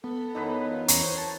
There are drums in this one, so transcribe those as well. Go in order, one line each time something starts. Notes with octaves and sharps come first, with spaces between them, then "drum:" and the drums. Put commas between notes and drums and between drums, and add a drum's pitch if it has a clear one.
B3 A4
F#2 E3 D#4 B4
F4
E2 C#4 A#5 C#6, drum: hi-hat
C5 C#5
A5